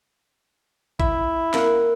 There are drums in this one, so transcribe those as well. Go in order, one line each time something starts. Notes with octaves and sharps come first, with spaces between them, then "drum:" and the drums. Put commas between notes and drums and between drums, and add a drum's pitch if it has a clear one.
E4 E5, drum: kick
A#3 F#5, drum: snare